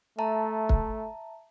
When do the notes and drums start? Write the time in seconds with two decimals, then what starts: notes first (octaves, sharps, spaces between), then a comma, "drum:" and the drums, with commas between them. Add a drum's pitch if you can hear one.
0.18 A3 E5 A5 A#5
0.69 drum: kick